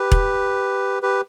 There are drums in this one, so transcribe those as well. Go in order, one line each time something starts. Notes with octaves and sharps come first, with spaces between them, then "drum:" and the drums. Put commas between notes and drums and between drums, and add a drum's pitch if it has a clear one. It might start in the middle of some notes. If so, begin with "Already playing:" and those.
Already playing: G4 B4
drum: kick E1
G4 B4